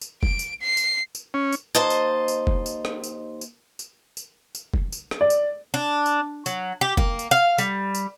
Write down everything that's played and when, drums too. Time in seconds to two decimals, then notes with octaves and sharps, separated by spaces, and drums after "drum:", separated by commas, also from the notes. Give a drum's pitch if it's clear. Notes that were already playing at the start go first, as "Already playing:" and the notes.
0.01 drum: tambourine
0.23 D7, drum: kick
0.39 drum: tambourine
0.61 C7
0.77 drum: tambourine
1.15 drum: tambourine
1.34 C#4
1.53 drum: tambourine
1.75 D#2 C5 D#5 A5
1.90 drum: tambourine
2.28 drum: tambourine
2.47 drum: kick
2.66 drum: tambourine
2.85 drum: rim click
3.04 drum: tambourine
3.41 drum: tambourine
3.79 drum: tambourine
4.17 drum: tambourine
4.55 drum: tambourine
4.74 drum: kick
4.92 drum: tambourine
5.11 drum: rim click
5.21 D5
5.30 drum: tambourine
5.74 D4
6.06 drum: tambourine
6.46 F#3, drum: tambourine
6.81 G4
6.97 A#3, drum: kick
7.19 drum: tambourine
7.31 F5
7.58 G3, drum: tambourine
7.95 drum: tambourine